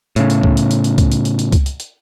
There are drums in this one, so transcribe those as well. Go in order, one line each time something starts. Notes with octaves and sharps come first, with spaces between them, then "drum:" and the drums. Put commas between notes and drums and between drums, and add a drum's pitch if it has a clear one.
A2 C#3, drum: hi-hat
drum: hi-hat
drum: kick C#2
drum: hi-hat
drum: hi-hat
drum: hi-hat
drum: kick C#2, hi-hat
drum: hi-hat
drum: hi-hat
drum: hi-hat
drum: kick C#2, hi-hat
drum: hi-hat
drum: hi-hat